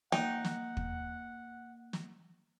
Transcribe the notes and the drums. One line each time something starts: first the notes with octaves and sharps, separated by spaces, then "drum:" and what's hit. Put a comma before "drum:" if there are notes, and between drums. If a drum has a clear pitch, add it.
A#3 D#4 F#5 G5, drum: snare
drum: snare
drum: kick
drum: snare